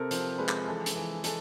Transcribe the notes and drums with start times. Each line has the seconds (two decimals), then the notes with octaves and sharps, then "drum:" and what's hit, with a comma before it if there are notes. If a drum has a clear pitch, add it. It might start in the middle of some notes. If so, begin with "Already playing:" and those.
Already playing: C3 C4 A4 A#4
0.11 F3 C5, drum: hi-hat
0.38 G#3 B4
0.48 drum: clap
0.67 E3 A4
0.86 drum: hi-hat
0.96 E3
1.24 G#3 A4, drum: hi-hat